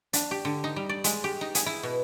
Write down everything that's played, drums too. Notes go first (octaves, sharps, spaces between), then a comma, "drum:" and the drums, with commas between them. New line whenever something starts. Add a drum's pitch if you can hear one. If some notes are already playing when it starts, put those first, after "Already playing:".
D4, drum: hi-hat
G4
D3
D#4
G3
D5
G#3, drum: hi-hat
G4
D#4
G#4, drum: hi-hat
E4
B2